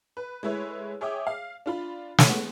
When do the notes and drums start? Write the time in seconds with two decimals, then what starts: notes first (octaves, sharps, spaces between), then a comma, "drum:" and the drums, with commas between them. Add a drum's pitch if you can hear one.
0.17 B4
0.43 G#3 A3 E4 B4 C#5
1.01 G#4 C#5 E5 G5 D6 D#6
1.27 F5
1.66 D4 F4 B5
2.18 drum: snare
2.29 G#3 B3